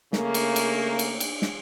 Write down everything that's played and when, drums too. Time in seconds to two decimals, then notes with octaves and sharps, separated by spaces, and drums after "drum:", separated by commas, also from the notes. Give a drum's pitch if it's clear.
0.13 C#3 A3 A#3, drum: snare
0.34 drum: cymbal
0.56 drum: cymbal
0.99 drum: cymbal
1.20 drum: cymbal
1.42 drum: snare